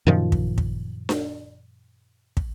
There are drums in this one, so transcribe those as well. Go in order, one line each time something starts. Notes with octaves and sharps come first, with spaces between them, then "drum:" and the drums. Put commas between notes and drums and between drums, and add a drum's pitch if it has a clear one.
F#2 A#2 D#3 F3
drum: kick
drum: kick
drum: snare D4
drum: kick